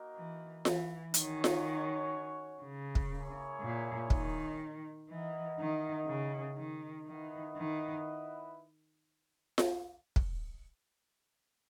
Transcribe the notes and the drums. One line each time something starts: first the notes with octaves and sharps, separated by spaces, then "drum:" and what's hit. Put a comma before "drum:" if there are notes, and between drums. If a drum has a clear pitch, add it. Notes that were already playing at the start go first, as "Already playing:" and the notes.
Already playing: A#3 D#4 F#4 A#4 D#5
E3
E3, drum: snare F4
D#3 C#4 F#4 C#5, drum: hi-hat
drum: snare F4
C#3
drum: kick
A#3 E4 G#4 C#5
A#2
D#3, drum: kick
E3 E4 A#4 D#5 F#5
D#3
C#3
D#3
D#3 E4 B4 D#5 F#5
D#3
drum: snare F4
drum: kick